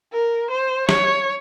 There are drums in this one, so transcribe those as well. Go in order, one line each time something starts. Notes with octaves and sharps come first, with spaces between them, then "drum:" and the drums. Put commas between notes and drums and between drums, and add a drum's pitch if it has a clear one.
A#4
C5
C#5, drum: snare